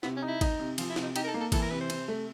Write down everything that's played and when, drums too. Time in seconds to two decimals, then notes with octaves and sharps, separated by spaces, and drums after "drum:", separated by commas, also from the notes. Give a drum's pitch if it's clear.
0.03 C3 B3, drum: snare
0.17 C#4
0.22 D#4
0.28 E4
0.41 D#4, drum: kick, cymbal
0.59 C3
0.78 F3 F4, drum: cymbal
0.90 E4
0.96 C3, drum: snare
1.03 D#4
1.16 D#4 G4, drum: cymbal
1.24 A#4
1.27 A4
1.34 A#3
1.41 A4
1.52 E3 A4, drum: kick, cymbal
1.62 A#4
1.71 C3 B4
1.81 C5
1.90 C3, drum: cymbal
2.08 A3